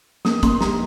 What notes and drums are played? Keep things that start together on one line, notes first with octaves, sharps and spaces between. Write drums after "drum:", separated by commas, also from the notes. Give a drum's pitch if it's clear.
A#3 D#6, drum: snare
A#3 C6, drum: kick, hi-hat
G3 A#5, drum: snare